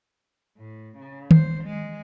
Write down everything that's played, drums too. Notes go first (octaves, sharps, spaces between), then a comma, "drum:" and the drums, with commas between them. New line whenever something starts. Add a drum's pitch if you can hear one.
A2
C#3
C5, drum: tom
G#3